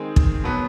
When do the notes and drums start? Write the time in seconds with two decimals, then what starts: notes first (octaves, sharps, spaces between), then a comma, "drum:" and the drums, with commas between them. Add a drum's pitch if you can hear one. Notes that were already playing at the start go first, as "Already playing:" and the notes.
Already playing: D#3 G#3 C4 G#4
0.16 drum: kick
0.44 B2 F#3 B3